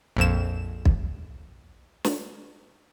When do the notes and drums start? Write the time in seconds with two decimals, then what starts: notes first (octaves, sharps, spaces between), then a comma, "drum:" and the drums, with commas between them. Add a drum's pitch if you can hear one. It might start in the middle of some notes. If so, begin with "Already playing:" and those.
0.17 A#1 F2 E7
0.85 drum: kick
2.04 drum: snare